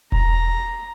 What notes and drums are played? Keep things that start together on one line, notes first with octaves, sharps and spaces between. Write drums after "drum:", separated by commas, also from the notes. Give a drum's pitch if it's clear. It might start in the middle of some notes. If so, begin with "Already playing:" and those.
A#5, drum: kick E1